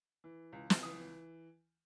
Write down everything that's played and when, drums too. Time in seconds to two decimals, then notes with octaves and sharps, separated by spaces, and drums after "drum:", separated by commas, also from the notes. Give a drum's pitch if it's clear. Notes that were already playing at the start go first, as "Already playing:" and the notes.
0.24 E3
0.53 C#2
0.70 drum: snare
0.83 E3 D#6